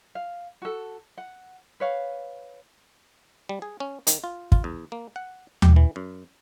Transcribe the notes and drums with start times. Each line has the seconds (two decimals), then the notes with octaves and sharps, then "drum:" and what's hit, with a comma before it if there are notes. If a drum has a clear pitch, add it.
0.15 F5
0.62 F#4 A4
1.18 F#5
1.80 B4 C#5 F5
3.49 G3
3.62 G#4
3.80 C#4
4.07 D#3, drum: hi-hat
4.24 F4
4.52 F4, drum: kick
4.64 E2
4.92 A#3
5.16 F#5
5.62 G4, drum: tom D#2
5.76 E3
5.96 F#2